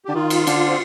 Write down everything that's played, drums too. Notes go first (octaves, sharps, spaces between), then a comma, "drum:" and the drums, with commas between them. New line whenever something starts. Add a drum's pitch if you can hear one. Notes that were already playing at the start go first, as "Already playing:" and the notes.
D3 G4
D#3 F4
drum: cymbal
D3, drum: cymbal
C4